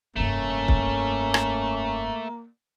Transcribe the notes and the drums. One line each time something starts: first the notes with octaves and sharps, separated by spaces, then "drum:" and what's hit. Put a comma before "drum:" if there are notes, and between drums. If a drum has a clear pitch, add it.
F1 G2 A3 A#3 C#4
drum: kick
drum: rim click